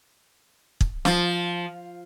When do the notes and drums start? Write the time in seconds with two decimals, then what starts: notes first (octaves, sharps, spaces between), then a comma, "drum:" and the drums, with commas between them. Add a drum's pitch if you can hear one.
0.81 drum: kick
1.05 F3, drum: snare